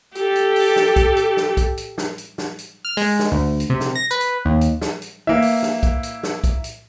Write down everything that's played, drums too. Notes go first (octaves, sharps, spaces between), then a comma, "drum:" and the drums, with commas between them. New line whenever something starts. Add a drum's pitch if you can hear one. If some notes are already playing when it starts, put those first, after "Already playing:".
G4 A4, drum: hi-hat
drum: hi-hat
drum: open hi-hat
drum: snare
drum: kick B1, hi-hat
drum: hi-hat
drum: snare
drum: kick B1, hi-hat
drum: hi-hat
drum: snare
drum: hi-hat
drum: snare
drum: hi-hat
F6
G#3, drum: open hi-hat
drum: snare
D2
drum: hi-hat
C3
drum: snare
A#6
B4
drum: hi-hat
D#2
drum: hi-hat
drum: snare
drum: hi-hat
E3 A#3 E5
drum: open hi-hat
drum: snare
drum: kick B1, hi-hat
drum: hi-hat
drum: snare
drum: kick B1, hi-hat
drum: hi-hat